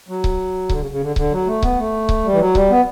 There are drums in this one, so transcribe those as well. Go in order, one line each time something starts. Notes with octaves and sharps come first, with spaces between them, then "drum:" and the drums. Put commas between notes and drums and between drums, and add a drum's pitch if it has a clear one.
F#3
drum: kick C#1
D3, drum: kick C#1
C#3
C#3
D3
D3, drum: kick C#1
F#3
A3
B3, drum: kick C#1
A3
drum: kick C#1
G3
E3
F#3
G3, drum: kick C#1
B3